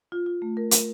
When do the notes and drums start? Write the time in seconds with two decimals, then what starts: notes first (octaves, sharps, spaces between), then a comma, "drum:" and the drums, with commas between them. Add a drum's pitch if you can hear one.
0.12 F4
0.26 F4
0.42 A3
0.57 A#4
0.71 A#4, drum: hi-hat